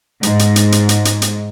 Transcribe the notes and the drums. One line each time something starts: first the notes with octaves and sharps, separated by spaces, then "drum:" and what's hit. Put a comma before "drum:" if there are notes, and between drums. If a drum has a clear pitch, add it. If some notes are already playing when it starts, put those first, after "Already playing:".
G#2, drum: hi-hat
drum: hi-hat
drum: hi-hat
drum: hi-hat
drum: hi-hat
drum: hi-hat
drum: hi-hat